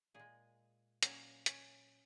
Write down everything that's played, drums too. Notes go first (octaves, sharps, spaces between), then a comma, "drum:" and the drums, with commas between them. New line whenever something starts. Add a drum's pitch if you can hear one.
A#2 G#3 G#4
A#2 F#3 A#3 C#4, drum: hi-hat
C#4, drum: hi-hat